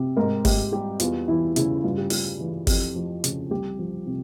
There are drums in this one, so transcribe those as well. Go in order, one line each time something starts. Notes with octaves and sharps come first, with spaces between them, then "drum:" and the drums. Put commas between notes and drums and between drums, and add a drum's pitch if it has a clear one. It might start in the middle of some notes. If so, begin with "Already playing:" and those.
Already playing: C3
G#2 A#4
G#2 G4, drum: kick G#1, open hi-hat
G3 G4
E2 F4, drum: hi-hat
E3 E4
C#3 E4, drum: hi-hat
G2 F4
G4
G3 F4, drum: open hi-hat
E3
F2 G4, drum: kick G#1, open hi-hat
F3
C#3, drum: hi-hat
C2 G4
F3
C3